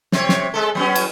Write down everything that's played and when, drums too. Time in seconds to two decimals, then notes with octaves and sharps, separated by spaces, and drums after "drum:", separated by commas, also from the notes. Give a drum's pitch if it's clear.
0.12 C3 C4 C#5, drum: snare
0.29 drum: snare
0.54 G#3 A4
0.75 F#3 B3 C#4
0.95 drum: cymbal